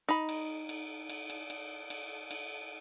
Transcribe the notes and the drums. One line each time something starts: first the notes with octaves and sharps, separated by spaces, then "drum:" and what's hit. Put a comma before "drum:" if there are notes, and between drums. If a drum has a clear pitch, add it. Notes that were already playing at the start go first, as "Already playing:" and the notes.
D#4 B5
drum: cymbal
drum: cymbal
drum: cymbal
drum: cymbal
drum: cymbal
drum: cymbal
drum: cymbal